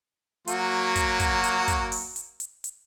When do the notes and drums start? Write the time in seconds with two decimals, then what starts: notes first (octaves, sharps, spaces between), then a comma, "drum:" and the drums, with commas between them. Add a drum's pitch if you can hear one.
0.47 F#3 A#3 F#4, drum: hi-hat
0.96 drum: kick, hi-hat
1.20 drum: kick, hi-hat
1.44 drum: hi-hat
1.68 drum: kick, hi-hat
1.92 drum: open hi-hat
2.16 drum: hi-hat
2.40 drum: hi-hat
2.64 drum: hi-hat